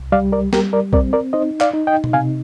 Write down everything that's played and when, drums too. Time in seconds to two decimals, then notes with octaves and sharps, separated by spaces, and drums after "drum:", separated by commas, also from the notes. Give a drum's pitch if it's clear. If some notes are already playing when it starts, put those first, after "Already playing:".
Already playing: C2
0.12 G3 D5 F5
0.32 A#4 D5
0.53 G3 G4 A#4, drum: snare
0.73 A#4 D5
0.93 C4 A#4 D5, drum: kick
1.13 A#4 D5
1.33 D#4 C5 D#5
1.61 D5 F5, drum: clap
1.74 D#4
1.87 D#5 G5
2.04 drum: tom B2
2.13 C3 F5 G#5